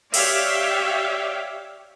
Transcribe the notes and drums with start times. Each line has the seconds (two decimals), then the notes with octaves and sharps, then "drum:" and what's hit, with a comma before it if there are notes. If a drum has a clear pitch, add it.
0.14 G4 C#5 D5 E5 F5 G5, drum: cymbal